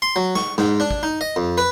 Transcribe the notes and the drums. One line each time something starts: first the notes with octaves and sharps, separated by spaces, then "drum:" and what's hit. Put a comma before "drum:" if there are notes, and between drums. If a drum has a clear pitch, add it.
C6
F#3
C#6, drum: snare
G#2, drum: snare
D4
drum: kick
D#4
D#5
F2
B4